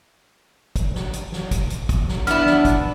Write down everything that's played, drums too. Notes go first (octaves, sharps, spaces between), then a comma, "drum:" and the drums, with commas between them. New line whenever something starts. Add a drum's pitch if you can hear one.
drum: kick, hi-hat
drum: snare
drum: hi-hat
drum: snare
drum: kick, hi-hat
drum: hi-hat
drum: kick, hi-hat
drum: snare
B3 D4 E4 F6, drum: hi-hat
drum: snare
drum: kick, hi-hat